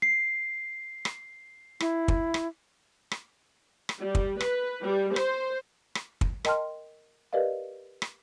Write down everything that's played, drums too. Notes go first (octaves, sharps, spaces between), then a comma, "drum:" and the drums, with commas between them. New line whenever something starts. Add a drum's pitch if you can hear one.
C7
drum: rim click
E4, drum: rim click
drum: kick
drum: rim click
drum: rim click
drum: rim click
G3
drum: kick
B4, drum: rim click
G3
C5, drum: rim click
drum: rim click
drum: kick
A#4 D#5 G5 A5 C6 F6, drum: rim click
G4 A#4 B4 D5 D#5 F5
drum: rim click